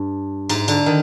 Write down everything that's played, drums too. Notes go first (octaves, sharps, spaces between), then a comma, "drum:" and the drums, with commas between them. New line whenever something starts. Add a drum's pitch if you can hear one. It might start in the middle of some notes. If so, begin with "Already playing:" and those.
Already playing: G2
G#2, drum: cymbal
D3, drum: cymbal
D#3